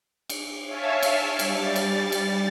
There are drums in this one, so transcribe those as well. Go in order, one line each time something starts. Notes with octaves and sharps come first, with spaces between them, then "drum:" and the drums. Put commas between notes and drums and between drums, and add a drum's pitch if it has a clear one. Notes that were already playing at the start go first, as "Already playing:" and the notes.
drum: cymbal
C#5 E5 F5 G#5 A5
drum: cymbal
G3 A6, drum: cymbal
drum: cymbal
drum: cymbal